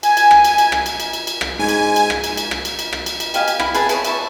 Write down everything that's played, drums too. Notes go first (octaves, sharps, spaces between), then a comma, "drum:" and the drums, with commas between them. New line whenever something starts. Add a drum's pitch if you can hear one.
G#5, drum: cymbal
drum: cymbal
drum: rim click
drum: cymbal
drum: cymbal
drum: rim click
drum: cymbal
drum: cymbal
drum: cymbal
drum: cymbal
drum: rim click
G#2 G#5
drum: cymbal
drum: cymbal
drum: rim click
drum: cymbal
drum: cymbal
drum: rim click
drum: cymbal
drum: cymbal
drum: rim click
drum: cymbal
drum: cymbal
G4 D#5 F5 G#5, drum: cymbal
drum: cymbal
E4, drum: rim click
G#4 B4 A5, drum: cymbal
E4 G#4 C#5, drum: cymbal
E5 A5 C#6, drum: cymbal